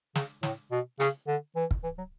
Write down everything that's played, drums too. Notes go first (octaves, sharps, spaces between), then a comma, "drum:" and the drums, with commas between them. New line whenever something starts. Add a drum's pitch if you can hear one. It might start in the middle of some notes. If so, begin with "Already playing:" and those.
C#3, drum: snare
A2, drum: snare
B2
C#3, drum: hi-hat
D3
E3
drum: kick
E3
F#3